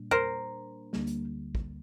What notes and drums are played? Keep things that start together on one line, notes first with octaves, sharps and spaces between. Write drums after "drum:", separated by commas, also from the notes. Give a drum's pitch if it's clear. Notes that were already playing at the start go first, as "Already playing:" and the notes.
Already playing: A#2 G3 A#3 D4
A#4 C5, drum: tom E2
D2 D3 G3 A#3, drum: snare
drum: hi-hat
drum: kick